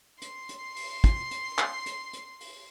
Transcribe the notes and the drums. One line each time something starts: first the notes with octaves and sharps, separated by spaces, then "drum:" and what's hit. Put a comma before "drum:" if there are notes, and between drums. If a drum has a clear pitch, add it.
C6 C7, drum: hi-hat
drum: hi-hat
drum: open hi-hat
drum: kick, hi-hat
drum: hi-hat
drum: clap
drum: hi-hat
drum: hi-hat
drum: open hi-hat